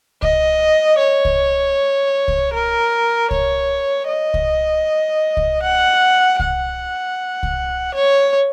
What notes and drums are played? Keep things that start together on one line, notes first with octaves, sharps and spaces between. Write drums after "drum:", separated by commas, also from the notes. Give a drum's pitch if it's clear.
D#5, drum: kick C2
C#5
drum: kick C2
drum: kick C2
A#4
C#5, drum: kick C2
D#5
drum: kick C2
drum: kick C2
F#5
F#5, drum: kick C2
drum: kick C2
C#5